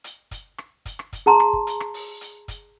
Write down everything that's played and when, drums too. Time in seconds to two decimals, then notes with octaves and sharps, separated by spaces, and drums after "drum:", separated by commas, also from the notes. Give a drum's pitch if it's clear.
0.04 drum: hi-hat
0.31 drum: kick, hi-hat
0.58 drum: rim click
0.85 drum: kick, hi-hat
0.99 drum: rim click
1.13 drum: kick, hi-hat
1.26 G#4 A5 A#5 C6
1.40 drum: rim click
1.53 drum: kick
1.67 drum: hi-hat
1.80 drum: rim click
1.94 drum: open hi-hat
2.21 drum: hi-hat
2.48 drum: kick, hi-hat